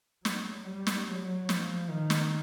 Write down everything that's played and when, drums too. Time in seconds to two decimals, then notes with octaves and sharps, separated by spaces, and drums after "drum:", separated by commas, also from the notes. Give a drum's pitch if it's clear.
0.25 F#3, drum: snare
0.65 G3
0.87 drum: snare
1.08 F#3
1.49 F3, drum: snare
1.90 D#3
2.10 drum: snare